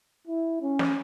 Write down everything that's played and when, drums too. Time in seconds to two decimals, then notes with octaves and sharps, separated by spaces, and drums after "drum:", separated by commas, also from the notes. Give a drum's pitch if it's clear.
0.27 E4
0.62 C#4
0.79 drum: snare